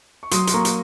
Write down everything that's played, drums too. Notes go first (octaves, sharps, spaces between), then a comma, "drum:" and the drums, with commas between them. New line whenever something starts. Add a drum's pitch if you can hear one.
C#6
F#3 C6 D#6, drum: hi-hat
C6, drum: hi-hat
A#3 A#5 C#6
drum: hi-hat